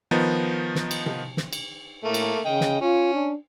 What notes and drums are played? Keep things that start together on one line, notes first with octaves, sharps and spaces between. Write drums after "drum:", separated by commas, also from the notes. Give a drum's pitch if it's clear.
D#3 F3 B3 D#4
drum: snare
drum: cymbal
drum: tom C3
drum: snare
drum: cymbal
A2 A3 A#3
drum: cymbal
C#3 D#5 G5
drum: snare
C#4 F4
D4